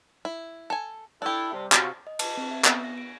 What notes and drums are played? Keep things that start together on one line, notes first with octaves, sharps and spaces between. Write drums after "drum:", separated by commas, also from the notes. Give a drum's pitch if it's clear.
E4
A4 G#5
D4 E4 G4 A4
C3 G3
C3 F4 F#4, drum: clap
D#5
A5, drum: cymbal
C4
E5
B3, drum: clap
A#6
D7